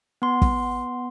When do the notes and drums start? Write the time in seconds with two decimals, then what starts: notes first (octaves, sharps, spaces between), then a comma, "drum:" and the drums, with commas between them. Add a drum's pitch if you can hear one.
0.22 B3 C6
0.42 drum: kick